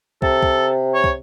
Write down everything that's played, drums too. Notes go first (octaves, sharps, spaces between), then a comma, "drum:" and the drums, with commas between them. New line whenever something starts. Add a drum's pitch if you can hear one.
C3 A4, drum: kick
drum: kick
C#5
drum: kick